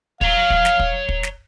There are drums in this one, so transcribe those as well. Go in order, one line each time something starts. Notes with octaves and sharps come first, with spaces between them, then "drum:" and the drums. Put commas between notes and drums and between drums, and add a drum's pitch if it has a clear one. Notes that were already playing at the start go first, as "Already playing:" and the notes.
C#5 F5 A#5, drum: kick
drum: kick
drum: snare
drum: kick
drum: kick
drum: snare